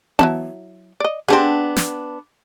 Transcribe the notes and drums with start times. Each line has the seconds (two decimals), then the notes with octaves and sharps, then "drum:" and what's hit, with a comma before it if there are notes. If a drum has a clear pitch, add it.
0.19 F#3 E4 A5, drum: tom B3
1.00 D5 D#5
1.28 B3 C4 D4 G4 G#4
1.76 drum: snare